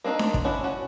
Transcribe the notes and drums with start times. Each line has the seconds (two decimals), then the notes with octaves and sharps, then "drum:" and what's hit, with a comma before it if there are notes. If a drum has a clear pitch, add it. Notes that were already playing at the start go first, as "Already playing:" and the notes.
0.04 A#3 C4 D4 D#4
0.19 drum: snare D4
0.34 drum: kick
0.45 C#4 D4 E4 F#4
0.64 C#4 F#4